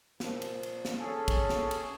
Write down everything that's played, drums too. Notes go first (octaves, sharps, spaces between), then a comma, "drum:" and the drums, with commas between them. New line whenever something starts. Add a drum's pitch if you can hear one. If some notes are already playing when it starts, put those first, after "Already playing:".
A#2 F3, drum: snare
drum: cymbal
drum: cymbal
drum: snare
C#4 G#4 A4
drum: kick, cymbal
drum: snare
drum: cymbal